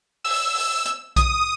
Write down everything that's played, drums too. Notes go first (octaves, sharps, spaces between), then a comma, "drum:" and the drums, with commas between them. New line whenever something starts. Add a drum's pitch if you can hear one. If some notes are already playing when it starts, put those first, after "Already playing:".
E6, drum: open hi-hat
drum: open hi-hat
drum: hi-hat
D#6, drum: kick B1, hi-hat